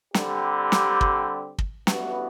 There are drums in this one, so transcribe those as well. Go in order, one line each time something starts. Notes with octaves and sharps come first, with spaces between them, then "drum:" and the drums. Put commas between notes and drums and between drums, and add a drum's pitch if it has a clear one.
D3 G3 C4 G4, drum: snare
drum: snare
drum: kick
drum: kick
A1 G2 E3 B3 F#4, drum: snare